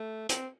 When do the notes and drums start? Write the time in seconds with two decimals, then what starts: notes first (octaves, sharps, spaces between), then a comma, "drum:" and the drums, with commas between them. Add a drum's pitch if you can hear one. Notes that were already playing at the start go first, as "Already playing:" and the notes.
Already playing: A3
0.29 C4, drum: hi-hat